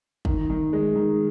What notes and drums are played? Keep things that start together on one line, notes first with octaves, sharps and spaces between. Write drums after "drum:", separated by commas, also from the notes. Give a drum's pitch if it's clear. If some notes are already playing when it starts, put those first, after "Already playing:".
D#3, drum: kick
D#3
G#3
D#3